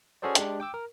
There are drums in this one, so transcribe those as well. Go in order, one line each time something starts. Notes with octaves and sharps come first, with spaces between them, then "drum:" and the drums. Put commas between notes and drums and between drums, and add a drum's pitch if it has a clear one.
C#4 F#4 G#4 A4 C5 D5
G#3 D4 G4, drum: hi-hat
G5 D6 E6
A#4